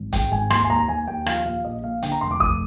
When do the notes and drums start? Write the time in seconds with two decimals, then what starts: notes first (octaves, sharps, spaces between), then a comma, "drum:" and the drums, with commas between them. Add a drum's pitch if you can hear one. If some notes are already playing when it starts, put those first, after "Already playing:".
Already playing: G#1
0.13 G#2 G5, drum: kick, hi-hat
0.31 G#1 G#5
0.50 D#2 C6, drum: rim click
0.64 G#5
0.69 D#2 A#5
0.89 D#2 G#5
1.07 D#2 G5
1.26 F3 F5, drum: rim click
1.45 A#2 F5
1.65 A#1 D#5
1.84 A#2 F5
2.03 D3 G5, drum: hi-hat
2.12 A#5
2.21 F1 C6
2.31 D6
2.40 F1 D#6, drum: kick